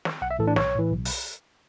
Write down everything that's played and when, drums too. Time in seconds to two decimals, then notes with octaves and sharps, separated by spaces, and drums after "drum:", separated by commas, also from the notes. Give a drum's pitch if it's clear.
0.05 drum: snare
0.22 B1 F#5
0.31 E5
0.39 A2 E3 A4
0.47 D4
0.56 B1 C#5, drum: snare
0.75 A2 E3
0.91 B1
1.05 drum: open hi-hat